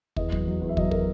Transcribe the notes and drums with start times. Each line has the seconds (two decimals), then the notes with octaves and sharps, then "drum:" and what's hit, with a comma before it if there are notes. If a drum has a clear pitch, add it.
0.16 E2 D#5, drum: kick
0.32 F#3, drum: kick
0.47 F#3
0.62 E2
0.69 E5
0.77 F#3 D#5, drum: kick
0.91 A#4, drum: kick